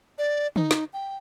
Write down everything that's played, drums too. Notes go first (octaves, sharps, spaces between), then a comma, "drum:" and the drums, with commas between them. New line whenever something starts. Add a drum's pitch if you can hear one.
D5
D#4, drum: tom
drum: snare
G5